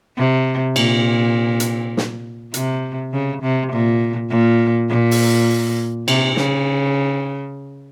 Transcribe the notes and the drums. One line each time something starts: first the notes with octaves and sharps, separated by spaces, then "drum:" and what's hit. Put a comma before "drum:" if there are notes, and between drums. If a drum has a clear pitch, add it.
C3
A#2, drum: cymbal
drum: hi-hat
drum: snare
C3, drum: hi-hat
C#3
C3
A#2
A#2
A#2
drum: open hi-hat
C3, drum: cymbal
C#3, drum: snare